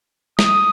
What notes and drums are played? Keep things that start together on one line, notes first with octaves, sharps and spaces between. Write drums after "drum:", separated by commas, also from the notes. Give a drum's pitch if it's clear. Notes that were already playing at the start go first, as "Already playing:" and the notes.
D#6, drum: snare